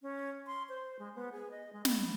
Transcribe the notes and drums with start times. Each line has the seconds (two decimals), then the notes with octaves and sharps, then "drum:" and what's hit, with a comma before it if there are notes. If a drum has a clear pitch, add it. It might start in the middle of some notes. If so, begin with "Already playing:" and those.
0.02 C#4
0.47 C6
0.69 C5
0.99 G#3
1.15 B3
1.32 G#4
1.51 D#5
1.73 G#3
1.85 B5, drum: snare